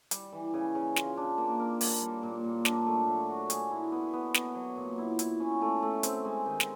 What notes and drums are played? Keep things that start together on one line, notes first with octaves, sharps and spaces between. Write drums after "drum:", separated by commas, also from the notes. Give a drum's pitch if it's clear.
G3, drum: hi-hat
E3
C#3
C#3
F4, drum: snare
D4
A#3
A#4
A#3, drum: open hi-hat
G3
A#2
A#2
D4, drum: snare
A3
F#3
F#4
G#4, drum: hi-hat
E4
B3
B3
B3, drum: snare
F#3
A#2
E4
E4, drum: hi-hat
C#4
A3
A3
C4, drum: hi-hat
G#3
D#3
drum: snare